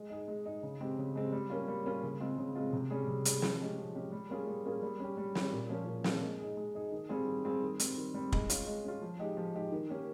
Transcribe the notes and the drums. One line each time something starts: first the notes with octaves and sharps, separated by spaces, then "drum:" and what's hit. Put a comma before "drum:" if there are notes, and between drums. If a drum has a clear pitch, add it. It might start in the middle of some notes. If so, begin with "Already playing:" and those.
Already playing: G#3
D#4 G#4
G#3
D#4 G#4
C#3
G#3 C4 G4
C#3
G#3 C4 G4
G3
A#3 C#4 F4
G3
A#3 C#4 F4
C#3
G#3 C4 F4
C#3
G#3 C4 F4
C3
G3 C#4 G#4
C3
G3 C#4 G#4, drum: hi-hat
F3, drum: snare
G#3 C#4 G4
F3
G#3 C#4 G4
G3
A#3 C#4 F4 G#4
G3
A#3 C#4 F4 G#4
G3
C#4 G4
G3
C#4 G4, drum: snare
A#2
F3 A#3 C#4
A#2
F3 A#3 C#4, drum: snare
G#3
D#4 G#4
G#3
D#4 G#4
D#3
G3 C4 F4 G#4
D#3
G3 C4 F4 G#4
D#3
G3 C4, drum: hi-hat
D#3
G3 C4
G#3, drum: kick
C#4 F4, drum: hi-hat
G#3
C#4 F4
F3
G#3 D#4 G4
F3
G#3 D#4 G4
D#3
A#3 C#4 G4